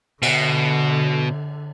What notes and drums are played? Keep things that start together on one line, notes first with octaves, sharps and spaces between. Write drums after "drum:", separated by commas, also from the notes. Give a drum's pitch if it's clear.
B2 D3, drum: cymbal